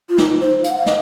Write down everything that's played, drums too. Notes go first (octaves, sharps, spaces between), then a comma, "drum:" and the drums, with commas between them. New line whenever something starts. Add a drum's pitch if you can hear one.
F4
D#4, drum: snare
C5
F5, drum: hi-hat
F#5
F5
D#5, drum: snare